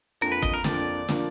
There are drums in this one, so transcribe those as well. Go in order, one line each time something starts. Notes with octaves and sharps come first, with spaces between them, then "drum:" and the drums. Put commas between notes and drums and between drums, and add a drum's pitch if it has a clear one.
F2 F3 A#3 D4 A#4, drum: hi-hat
B4
D#5, drum: kick
A#4
F2 F3 A#3 D4 D5, drum: snare
F3 A#3 D4, drum: snare